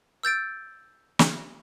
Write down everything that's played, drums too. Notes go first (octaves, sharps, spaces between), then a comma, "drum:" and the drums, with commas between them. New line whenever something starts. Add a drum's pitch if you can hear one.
E6 G6 A6 D7
drum: snare